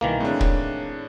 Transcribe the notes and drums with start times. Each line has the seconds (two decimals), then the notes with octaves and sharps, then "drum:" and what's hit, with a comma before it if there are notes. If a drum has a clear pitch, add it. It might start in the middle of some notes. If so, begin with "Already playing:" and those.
0.01 C2 B2 D#3 E3 G3 A#3
0.20 A2 C4 D4 G#4 C#5
0.41 drum: kick